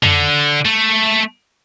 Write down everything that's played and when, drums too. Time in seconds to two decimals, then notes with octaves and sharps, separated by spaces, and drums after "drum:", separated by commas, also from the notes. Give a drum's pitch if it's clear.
0.03 D3, drum: tom F2
0.66 A3